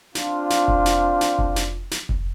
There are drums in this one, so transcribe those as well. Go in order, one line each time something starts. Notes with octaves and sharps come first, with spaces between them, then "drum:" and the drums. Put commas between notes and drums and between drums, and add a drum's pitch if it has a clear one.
C4 D4 F4, drum: snare
drum: snare
drum: kick F1
drum: snare
drum: snare
drum: kick F1
drum: snare
drum: snare
drum: kick F1